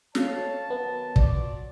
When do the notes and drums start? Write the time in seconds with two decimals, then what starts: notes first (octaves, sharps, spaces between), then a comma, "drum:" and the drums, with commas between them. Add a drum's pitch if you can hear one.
0.15 F2 A4 C#5 F5 A5 F6, drum: snare
0.70 D#3 F#3 B3
1.16 F#3 F4 D5, drum: kick